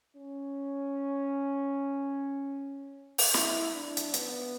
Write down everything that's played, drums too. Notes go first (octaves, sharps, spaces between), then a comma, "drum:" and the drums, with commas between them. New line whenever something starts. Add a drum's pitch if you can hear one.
C#4
drum: open hi-hat
E4, drum: snare
D4
drum: hi-hat
B3, drum: hi-hat